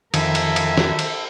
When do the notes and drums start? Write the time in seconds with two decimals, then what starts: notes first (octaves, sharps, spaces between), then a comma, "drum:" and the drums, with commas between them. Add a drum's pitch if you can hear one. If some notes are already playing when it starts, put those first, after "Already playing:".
0.14 F2 D#3 A4 A#4 E5 G#5, drum: cymbal
0.35 drum: cymbal
0.56 drum: cymbal
0.77 drum: snare
0.99 drum: cymbal